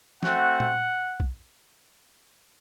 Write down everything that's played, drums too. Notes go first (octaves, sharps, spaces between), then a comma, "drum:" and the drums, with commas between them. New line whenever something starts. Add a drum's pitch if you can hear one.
A3 C4 F#4 F#5, drum: snare F3
drum: tom A#2
drum: kick